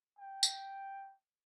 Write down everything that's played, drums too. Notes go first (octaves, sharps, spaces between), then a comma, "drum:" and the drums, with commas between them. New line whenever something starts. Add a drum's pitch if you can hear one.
G5
drum: tambourine